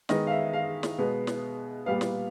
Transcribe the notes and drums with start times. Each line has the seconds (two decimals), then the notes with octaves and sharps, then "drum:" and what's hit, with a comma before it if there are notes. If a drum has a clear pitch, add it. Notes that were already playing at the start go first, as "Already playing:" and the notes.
0.09 D#3 G#3 B3 D#5, drum: snare
0.27 F5
0.31 E5
0.53 F5
0.83 drum: snare
0.98 B2 G#3 B3
1.27 drum: snare
1.86 A#2 G3 B3 F5
2.01 drum: snare